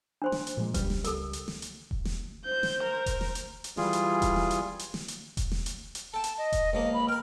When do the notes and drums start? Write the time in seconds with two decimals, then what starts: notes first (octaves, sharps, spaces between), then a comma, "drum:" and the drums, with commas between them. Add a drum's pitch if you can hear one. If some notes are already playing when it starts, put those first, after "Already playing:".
0.22 D4 C5 C6
0.32 drum: snare
0.47 drum: hi-hat
0.57 A#2 F3 G#3
0.74 C#2 G3 B4, drum: kick E1, hi-hat
0.90 drum: snare
1.04 A4 A#4, drum: hi-hat
1.33 drum: hi-hat
1.48 drum: snare
1.62 drum: hi-hat
1.91 drum: kick E1
2.05 drum: snare
2.45 C5 G6
2.63 drum: snare
2.83 A#4
3.06 drum: kick E1, hi-hat
3.21 drum: snare
3.35 drum: hi-hat
3.64 drum: hi-hat
3.77 E3 G3 F4 G#4, drum: snare
3.93 drum: hi-hat
4.22 drum: kick E1, hi-hat
4.36 drum: snare
4.51 drum: hi-hat
4.79 drum: hi-hat
4.94 drum: snare
5.08 drum: hi-hat
5.37 drum: kick E1, hi-hat
5.52 drum: snare
5.66 drum: hi-hat
5.95 drum: hi-hat
6.14 A4 G5 A5
6.24 drum: hi-hat
6.38 D#5
6.52 drum: kick E1, hi-hat
6.73 C#2 F3 A#3 D#5
6.94 B5
7.09 A#4 G5 F6